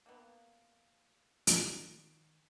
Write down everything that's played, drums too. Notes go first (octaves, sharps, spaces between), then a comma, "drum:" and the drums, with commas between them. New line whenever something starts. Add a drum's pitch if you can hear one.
A#3 B3
D#3, drum: hi-hat